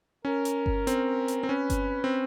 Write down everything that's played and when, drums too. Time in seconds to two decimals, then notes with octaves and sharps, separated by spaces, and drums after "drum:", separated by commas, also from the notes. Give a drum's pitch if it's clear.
0.25 C#4 A#4
0.45 drum: hi-hat
0.66 drum: kick G1
0.87 C4, drum: hi-hat
1.28 drum: hi-hat
1.43 C4
1.49 C#4 B4
1.70 drum: kick G1, hi-hat
2.04 C4